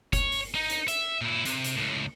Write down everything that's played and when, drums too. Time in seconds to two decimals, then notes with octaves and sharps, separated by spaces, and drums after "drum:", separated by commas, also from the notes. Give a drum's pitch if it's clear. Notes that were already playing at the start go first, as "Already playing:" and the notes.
0.13 C#5, drum: kick F1, hi-hat
0.32 drum: open hi-hat
0.55 D#4
0.70 drum: hi-hat
0.88 E5, drum: hi-hat
1.21 A#2 E4
1.45 C3, drum: hi-hat
1.64 drum: hi-hat
1.75 C#2 A2